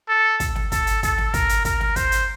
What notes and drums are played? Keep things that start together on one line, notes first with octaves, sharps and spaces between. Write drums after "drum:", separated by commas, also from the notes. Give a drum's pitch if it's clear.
A4
drum: kick, hi-hat
drum: snare
A4, drum: kick, hi-hat
drum: hi-hat
A4, drum: kick, hi-hat
drum: snare
A#4, drum: kick, hi-hat
drum: hi-hat
A#4, drum: kick, hi-hat
drum: snare
C5, drum: kick, hi-hat
drum: hi-hat